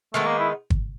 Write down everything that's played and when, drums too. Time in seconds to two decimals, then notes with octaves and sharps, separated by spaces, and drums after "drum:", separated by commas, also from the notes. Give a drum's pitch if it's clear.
0.14 D#3 G#3 A3 B3
0.26 A#3
0.39 E4
0.70 drum: kick